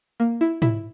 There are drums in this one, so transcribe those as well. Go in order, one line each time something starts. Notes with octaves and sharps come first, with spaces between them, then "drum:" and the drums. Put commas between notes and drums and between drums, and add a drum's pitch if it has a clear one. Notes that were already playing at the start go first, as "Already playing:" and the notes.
A#3
E4
E4, drum: tom